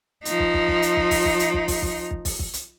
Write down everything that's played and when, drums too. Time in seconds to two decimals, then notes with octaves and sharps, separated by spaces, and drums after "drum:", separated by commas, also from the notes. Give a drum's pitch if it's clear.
0.25 F3 D#4, drum: hi-hat
0.40 drum: kick
0.54 drum: kick
0.68 drum: kick
0.82 drum: hi-hat
0.97 drum: kick
1.11 drum: kick, open hi-hat
1.25 drum: kick
1.39 drum: hi-hat
1.54 drum: kick
1.68 drum: kick, open hi-hat
1.82 drum: kick
2.11 drum: kick
2.25 drum: kick, open hi-hat
2.39 drum: kick
2.53 drum: hi-hat